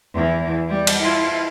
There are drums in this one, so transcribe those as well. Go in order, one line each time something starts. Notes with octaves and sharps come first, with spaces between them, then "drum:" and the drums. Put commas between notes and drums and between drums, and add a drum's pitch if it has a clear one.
E2 E3
G3
drum: cymbal
E4 F4